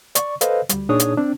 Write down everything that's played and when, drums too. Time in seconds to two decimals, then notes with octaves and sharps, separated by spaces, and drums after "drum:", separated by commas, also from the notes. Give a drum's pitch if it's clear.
0.15 D5 C#6, drum: hi-hat
0.41 A4 B4 C5 D#5 F5, drum: hi-hat
0.69 D2 G3, drum: hi-hat
0.89 A#2 D4 D#4 G#4 C#5 D#6
1.00 drum: hi-hat
1.17 C4 D4